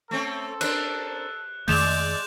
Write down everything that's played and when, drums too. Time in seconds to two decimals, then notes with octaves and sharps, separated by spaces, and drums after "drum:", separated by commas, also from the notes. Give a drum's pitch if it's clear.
0.11 A3 C4 C#4 A4
0.61 D4 A#4 C5 F#6, drum: cymbal
1.68 F2 D#3 G#3 A3 D5 G6 E7 F7, drum: open hi-hat